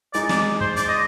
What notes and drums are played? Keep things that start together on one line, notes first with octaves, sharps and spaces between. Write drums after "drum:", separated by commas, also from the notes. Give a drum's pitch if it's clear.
G#3 D#4 G#4 D5, drum: hi-hat
D5, drum: snare
C5, drum: kick
D5, drum: hi-hat
D#5